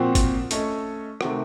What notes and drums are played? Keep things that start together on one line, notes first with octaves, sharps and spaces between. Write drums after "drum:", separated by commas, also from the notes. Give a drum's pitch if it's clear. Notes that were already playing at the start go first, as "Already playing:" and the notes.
Already playing: A#2 F3 C4 F#4
drum: kick G1, hi-hat
A3 C#4 A4 D#5, drum: hi-hat
C3 D#3 A3 C4 F#4, drum: rim click